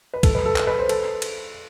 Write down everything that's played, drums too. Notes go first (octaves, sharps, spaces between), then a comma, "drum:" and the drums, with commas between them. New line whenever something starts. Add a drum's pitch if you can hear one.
B4
A4, drum: kick C2, cymbal
B4
A4
drum: clap
B4
C5
A4, drum: cymbal
drum: cymbal